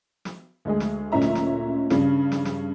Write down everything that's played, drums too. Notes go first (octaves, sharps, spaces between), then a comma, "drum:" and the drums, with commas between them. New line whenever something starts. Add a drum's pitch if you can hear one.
drum: snare
D2 G#3 G#4
drum: snare
D2 A#2 C#4 D#4 E5 A#5
drum: snare
drum: snare
G2 C#3 G3, drum: snare
drum: snare
drum: snare